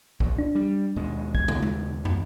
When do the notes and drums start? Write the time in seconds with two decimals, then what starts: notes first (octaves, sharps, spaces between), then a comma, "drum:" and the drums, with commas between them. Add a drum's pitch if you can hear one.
0.20 A#1, drum: kick
0.38 D4
0.55 G3
0.96 D#2 B2 G#3
1.35 G#6, drum: kick
1.48 drum: tom
1.63 drum: tom G#3
2.05 drum: tom